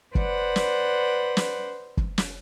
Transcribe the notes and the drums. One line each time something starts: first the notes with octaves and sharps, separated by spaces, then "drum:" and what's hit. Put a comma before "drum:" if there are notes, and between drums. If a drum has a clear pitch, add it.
B4 C5 D5 F#5, drum: kick F#1
drum: snare
drum: snare
drum: kick F#1
drum: snare